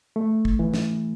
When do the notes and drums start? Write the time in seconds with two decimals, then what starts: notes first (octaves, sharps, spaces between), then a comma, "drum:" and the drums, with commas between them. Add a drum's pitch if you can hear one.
0.16 A3
0.45 drum: kick
0.59 E3
0.74 drum: snare